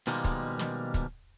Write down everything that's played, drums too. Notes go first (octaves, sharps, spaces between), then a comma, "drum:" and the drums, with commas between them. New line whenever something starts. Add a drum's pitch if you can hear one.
B2 D#3 F3 G3 G#3 A#3
drum: kick, hi-hat
drum: snare
drum: kick, hi-hat